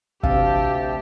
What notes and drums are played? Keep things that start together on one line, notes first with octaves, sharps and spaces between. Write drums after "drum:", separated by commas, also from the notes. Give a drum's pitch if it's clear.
D2 C3 E3 C4 G4 F5 A5 E6, drum: kick